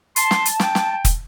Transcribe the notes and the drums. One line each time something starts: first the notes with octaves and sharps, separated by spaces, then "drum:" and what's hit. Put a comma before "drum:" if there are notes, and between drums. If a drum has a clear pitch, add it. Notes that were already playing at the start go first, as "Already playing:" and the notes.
A5 C6, drum: hi-hat
drum: snare
drum: hi-hat
G5, drum: snare
drum: snare
drum: kick, hi-hat